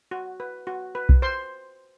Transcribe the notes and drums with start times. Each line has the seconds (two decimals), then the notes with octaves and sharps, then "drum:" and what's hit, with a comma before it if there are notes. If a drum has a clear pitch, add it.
0.11 F#4
0.40 B4
0.67 F#4
0.95 B4
1.09 drum: kick B1
1.22 C5 C6